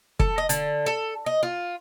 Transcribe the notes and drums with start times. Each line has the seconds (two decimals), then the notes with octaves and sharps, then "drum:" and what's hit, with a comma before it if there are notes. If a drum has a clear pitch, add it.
0.20 A4, drum: kick
0.38 D#5
0.49 D3, drum: hi-hat
0.86 A4
1.26 D#5
1.43 F4